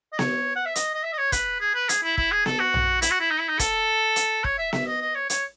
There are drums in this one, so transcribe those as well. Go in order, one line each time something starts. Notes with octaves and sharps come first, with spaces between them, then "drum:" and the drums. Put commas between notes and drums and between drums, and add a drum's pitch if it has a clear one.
D#5
C#5, drum: snare B3
F#5
E5
D#5, drum: hi-hat
D#5
E5
D#5
C#5
B4, drum: kick, hi-hat
G#4
B4
G#4, drum: hi-hat
E4
E4, drum: kick
G#4
A4, drum: snare B3
F#4
drum: tom A#1
E4, drum: hi-hat
F#4
E4
D#4
E4
D#4
A4, drum: kick, hi-hat
drum: hi-hat
C#5, drum: kick
E5
E5, drum: snare B3
D#5
D#5
C#5
C#5, drum: hi-hat